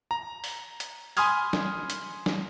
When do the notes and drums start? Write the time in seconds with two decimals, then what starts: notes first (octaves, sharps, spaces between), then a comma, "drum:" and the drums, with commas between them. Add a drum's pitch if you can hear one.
0.11 A#5
0.44 drum: open hi-hat
0.80 drum: hi-hat
1.17 G#5 B5 C6 D#6 F6 G#6, drum: open hi-hat
1.53 drum: snare
1.90 drum: hi-hat
2.26 drum: snare